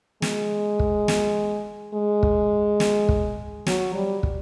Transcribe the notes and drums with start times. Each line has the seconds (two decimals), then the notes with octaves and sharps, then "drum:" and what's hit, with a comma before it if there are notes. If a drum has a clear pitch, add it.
0.22 G#3, drum: snare
0.79 drum: kick
1.08 drum: snare
1.94 G#3
2.23 drum: kick
2.80 drum: snare
3.09 drum: kick
3.66 F#3, drum: snare
3.94 G3
4.23 drum: kick